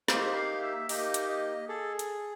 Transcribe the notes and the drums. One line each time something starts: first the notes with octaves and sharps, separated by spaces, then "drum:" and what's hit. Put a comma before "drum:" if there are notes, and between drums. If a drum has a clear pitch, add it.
A#3 D#4 G4 C5, drum: snare
F5
E5
A#3 D#4 G4 D#5, drum: open hi-hat
drum: hi-hat
D#5
G#4 A4
drum: hi-hat